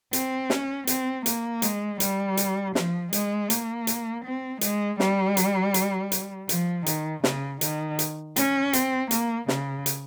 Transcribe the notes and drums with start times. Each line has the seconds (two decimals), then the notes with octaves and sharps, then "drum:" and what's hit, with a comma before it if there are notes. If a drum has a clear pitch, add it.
0.13 C4, drum: hi-hat
0.50 C#4, drum: snare
0.87 C4, drum: hi-hat
1.26 A#3, drum: hi-hat
1.62 G#3, drum: hi-hat
2.00 G3, drum: hi-hat
2.37 drum: hi-hat
2.75 F3, drum: snare
3.13 G#3, drum: hi-hat
3.50 A#3, drum: hi-hat
3.87 drum: hi-hat
4.25 C4
4.61 G#3, drum: hi-hat
5.00 G3, drum: snare
5.37 drum: hi-hat
5.74 drum: hi-hat
6.12 drum: hi-hat
6.49 F3, drum: hi-hat
6.86 D#3, drum: hi-hat
7.24 C#3, drum: snare
7.61 D#3, drum: hi-hat
7.99 drum: hi-hat
8.36 C#4, drum: hi-hat
8.73 C4, drum: hi-hat
9.11 A#3, drum: hi-hat
9.48 C#3, drum: snare
9.86 drum: hi-hat